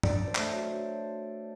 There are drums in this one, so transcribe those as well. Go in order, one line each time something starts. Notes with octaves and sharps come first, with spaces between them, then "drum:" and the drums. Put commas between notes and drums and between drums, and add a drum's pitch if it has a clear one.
D4 D5, drum: tom
D4
C5
A3, drum: clap
F#3
F#3